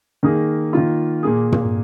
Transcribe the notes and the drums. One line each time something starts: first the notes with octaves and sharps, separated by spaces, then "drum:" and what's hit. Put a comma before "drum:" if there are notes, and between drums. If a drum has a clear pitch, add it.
D#3 A#3 G#4
D#3 A#3 F4
A#2 A#3 G#4
drum: tom